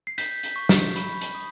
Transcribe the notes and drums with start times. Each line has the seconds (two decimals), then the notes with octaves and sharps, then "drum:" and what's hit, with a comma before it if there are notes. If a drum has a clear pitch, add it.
0.07 C7
0.18 G6 B6, drum: hi-hat
0.43 drum: hi-hat
0.56 C#6
0.69 drum: snare
0.96 B5, drum: hi-hat
1.21 drum: hi-hat
1.35 D#6